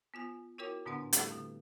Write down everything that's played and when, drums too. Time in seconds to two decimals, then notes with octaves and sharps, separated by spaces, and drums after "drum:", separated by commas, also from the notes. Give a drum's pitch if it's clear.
0.14 B3 F4 G#5
0.58 E4 F#4 A#4 C#5 G5 D6
0.86 A2 D3 B3 D4 F#5 C6
1.13 G3 A3 C4 E4 G4 A4, drum: hi-hat
1.32 D3